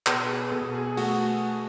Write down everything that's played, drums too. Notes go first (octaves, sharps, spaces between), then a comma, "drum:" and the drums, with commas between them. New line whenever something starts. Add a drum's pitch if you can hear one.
B2 B4, drum: clap
G#4
B2 A4
G#4
A3 F#4, drum: open hi-hat